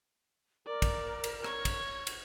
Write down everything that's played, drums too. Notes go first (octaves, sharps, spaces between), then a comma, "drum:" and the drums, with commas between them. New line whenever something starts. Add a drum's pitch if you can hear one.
A#4 D5
drum: kick, cymbal
drum: cymbal
C#5 G#6, drum: rim click
drum: kick, cymbal
drum: cymbal